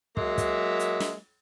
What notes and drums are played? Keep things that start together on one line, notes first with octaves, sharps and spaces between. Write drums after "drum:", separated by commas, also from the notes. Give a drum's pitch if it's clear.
F#3 G#3 A#3 E5, drum: kick
drum: kick, hi-hat
drum: hi-hat
drum: snare